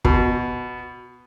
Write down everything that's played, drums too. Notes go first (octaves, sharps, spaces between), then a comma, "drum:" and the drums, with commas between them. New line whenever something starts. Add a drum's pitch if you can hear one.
B2, drum: kick